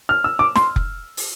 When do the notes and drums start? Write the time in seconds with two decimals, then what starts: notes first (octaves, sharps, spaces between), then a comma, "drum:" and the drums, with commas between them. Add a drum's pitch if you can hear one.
0.09 F6
0.24 E6
0.39 D6
0.56 C6, drum: snare
0.76 drum: kick F1
1.17 drum: open hi-hat